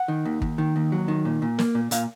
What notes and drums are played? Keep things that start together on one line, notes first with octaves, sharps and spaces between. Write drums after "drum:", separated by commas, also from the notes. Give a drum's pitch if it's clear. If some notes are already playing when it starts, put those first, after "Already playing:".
Already playing: F#5
D#3
D#2
D#2, drum: kick
D#3
D#2
F#3
D#3
A#2
A#2
A#3, drum: snare
A#2
A#2 F5, drum: hi-hat